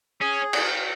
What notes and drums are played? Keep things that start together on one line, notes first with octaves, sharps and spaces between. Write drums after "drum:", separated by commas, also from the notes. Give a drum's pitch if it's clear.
C#4 G#4
drum: cymbal